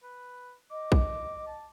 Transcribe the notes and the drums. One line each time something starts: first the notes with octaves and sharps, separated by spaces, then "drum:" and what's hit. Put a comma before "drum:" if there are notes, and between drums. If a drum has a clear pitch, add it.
B4
D#5 D6
drum: kick A#1
A5